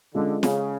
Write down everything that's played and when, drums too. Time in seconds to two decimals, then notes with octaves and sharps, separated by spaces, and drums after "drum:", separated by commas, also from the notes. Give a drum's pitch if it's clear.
0.15 D3 G#3 C#4 F4 A4
0.43 C#3, drum: snare